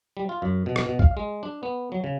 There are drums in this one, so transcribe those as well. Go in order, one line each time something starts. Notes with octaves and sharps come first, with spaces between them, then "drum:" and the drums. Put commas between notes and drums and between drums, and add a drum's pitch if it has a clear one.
G3
F4
F#2
B2
drum: rim click
B2
F5, drum: kick A1
G#3
D4
B3
F#3
C#3